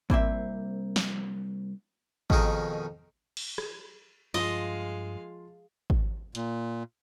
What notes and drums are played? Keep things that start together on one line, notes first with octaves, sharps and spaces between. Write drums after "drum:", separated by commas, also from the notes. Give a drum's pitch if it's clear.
C2 A#3 C4 E5, drum: kick G#1
drum: snare
F2 B2 D#3 D#4 G#4 A#4, drum: kick G#1
drum: cymbal
drum: rim click
G2 F3 G#3 F4 D#5 F5, drum: open hi-hat
drum: kick G#1
A#2, drum: hi-hat